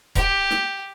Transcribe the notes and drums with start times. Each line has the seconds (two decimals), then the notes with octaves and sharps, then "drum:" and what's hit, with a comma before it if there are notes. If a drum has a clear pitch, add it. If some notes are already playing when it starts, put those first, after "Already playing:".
0.15 G4, drum: kick, hi-hat
0.51 drum: snare